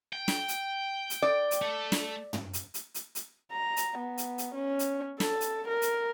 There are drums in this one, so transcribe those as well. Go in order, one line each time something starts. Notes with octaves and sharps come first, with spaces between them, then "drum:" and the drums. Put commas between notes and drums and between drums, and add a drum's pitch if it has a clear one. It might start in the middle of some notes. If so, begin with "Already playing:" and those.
G5
drum: snare
drum: hi-hat
drum: hi-hat
D5
drum: hi-hat
A3
drum: snare
drum: tom
drum: hi-hat
drum: hi-hat
drum: hi-hat
drum: hi-hat
A#5
drum: hi-hat
B3
drum: hi-hat
drum: hi-hat
C#4
drum: hi-hat
A4, drum: snare
drum: hi-hat
A#4
drum: hi-hat